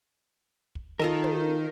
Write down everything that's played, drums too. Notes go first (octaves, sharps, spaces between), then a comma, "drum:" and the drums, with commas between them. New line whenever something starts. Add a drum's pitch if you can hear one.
drum: kick
D#3 F4 A4 A#4
drum: tom